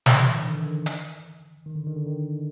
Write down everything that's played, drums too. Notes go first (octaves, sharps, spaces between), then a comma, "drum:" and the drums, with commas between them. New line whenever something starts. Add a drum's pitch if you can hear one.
E3, drum: snare
E3
D3
D#3
D3
D#3
drum: hi-hat
D#3
D3
D#3
D3
D#3